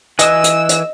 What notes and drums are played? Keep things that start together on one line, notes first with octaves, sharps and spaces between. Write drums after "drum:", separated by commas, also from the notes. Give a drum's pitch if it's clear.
E3 B4 D#5 G#5 E6, drum: hi-hat
drum: hi-hat
drum: hi-hat